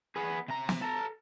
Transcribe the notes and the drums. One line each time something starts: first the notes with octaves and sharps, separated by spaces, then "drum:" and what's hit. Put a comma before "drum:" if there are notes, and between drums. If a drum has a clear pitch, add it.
B3 G#4
C3 A#5
drum: snare
A4 A#5